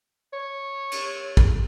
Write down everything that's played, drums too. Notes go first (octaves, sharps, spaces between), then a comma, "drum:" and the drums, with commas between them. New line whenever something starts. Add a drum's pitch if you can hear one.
C#5
drum: cymbal
drum: kick